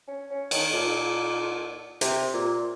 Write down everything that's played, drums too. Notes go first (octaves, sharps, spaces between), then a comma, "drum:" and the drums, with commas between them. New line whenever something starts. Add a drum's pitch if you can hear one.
C#4
C#4
D#3, drum: cymbal
A#2
C3, drum: hi-hat
A#2